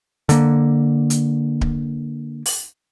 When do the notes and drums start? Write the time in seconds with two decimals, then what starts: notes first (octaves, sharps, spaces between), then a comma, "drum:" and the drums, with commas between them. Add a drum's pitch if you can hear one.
0.29 D3 A#3, drum: hi-hat
1.10 drum: hi-hat
1.61 drum: kick D1
2.46 drum: open hi-hat